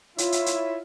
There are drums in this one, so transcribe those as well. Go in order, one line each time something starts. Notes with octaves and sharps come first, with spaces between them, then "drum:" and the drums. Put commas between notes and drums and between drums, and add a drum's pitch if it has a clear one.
E4 F4 C#5 E5, drum: hi-hat
drum: hi-hat
drum: hi-hat